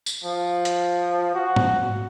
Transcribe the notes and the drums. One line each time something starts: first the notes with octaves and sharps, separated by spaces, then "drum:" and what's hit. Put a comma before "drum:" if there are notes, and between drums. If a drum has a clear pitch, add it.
drum: tambourine
F3
drum: hi-hat
F#4
drum: tom G#2